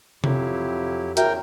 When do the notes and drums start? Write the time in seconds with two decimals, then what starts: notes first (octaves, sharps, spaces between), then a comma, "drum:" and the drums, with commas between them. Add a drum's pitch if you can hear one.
0.24 F2 F#3 E4 G4, drum: tom C3
1.17 E2 A2 C#3 F#4 A#4 E5 G5, drum: hi-hat